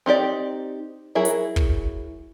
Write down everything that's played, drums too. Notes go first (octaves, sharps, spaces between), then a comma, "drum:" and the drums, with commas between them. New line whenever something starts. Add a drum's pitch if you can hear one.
C4 D#4 G4 D5
F#3 E4 G#4 A#4
drum: hi-hat
drum: kick